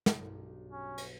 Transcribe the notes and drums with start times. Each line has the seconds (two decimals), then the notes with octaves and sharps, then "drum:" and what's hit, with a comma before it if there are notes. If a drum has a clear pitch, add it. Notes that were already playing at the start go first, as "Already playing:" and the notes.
0.06 drum: snare
0.18 B1 G2
0.72 C#4
0.98 drum: cymbal